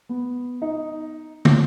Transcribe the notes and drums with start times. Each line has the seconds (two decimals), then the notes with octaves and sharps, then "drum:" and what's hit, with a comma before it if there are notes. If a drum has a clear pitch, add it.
0.09 B3
0.62 D#4
1.45 drum: tom